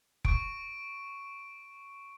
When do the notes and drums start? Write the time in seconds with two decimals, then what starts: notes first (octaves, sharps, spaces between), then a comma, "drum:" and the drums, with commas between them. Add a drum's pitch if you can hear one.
0.25 C#6 D7, drum: kick F1